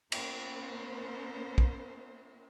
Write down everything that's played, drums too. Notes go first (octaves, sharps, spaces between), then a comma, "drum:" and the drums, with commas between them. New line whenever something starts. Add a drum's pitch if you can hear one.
A#3 B3 C#4 A#4 C5, drum: cymbal
drum: kick